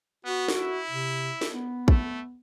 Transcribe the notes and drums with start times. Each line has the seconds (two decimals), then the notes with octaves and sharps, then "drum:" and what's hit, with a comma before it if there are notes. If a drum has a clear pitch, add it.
0.25 B3 F#4
0.48 drum: snare
0.57 E4
0.89 C3
1.41 drum: snare
1.52 B3
1.88 A3, drum: kick